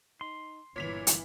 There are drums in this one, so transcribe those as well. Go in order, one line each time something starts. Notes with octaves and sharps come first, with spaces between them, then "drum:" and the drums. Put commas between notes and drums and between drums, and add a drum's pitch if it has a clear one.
D#4 C6
G1 A#2 E3 C#5 B6 F7
drum: hi-hat